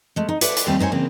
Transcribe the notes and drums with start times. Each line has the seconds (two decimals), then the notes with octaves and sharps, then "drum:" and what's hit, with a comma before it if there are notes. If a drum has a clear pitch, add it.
0.16 G#3 A3
0.29 D#4
0.41 A4 B4 D5 E5 F#5, drum: hi-hat
0.56 drum: hi-hat
0.66 D#2 D#3 G3 A3 C4 F5
0.79 A3 D#4 C5 C#5 G#5
0.92 E2 C#3 A#3 C4